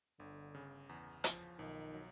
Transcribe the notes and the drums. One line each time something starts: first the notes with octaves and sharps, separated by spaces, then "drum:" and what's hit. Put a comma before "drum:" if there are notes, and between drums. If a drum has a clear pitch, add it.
G1 D3
C#3
E2
F3, drum: hi-hat
B1 D#3
F#3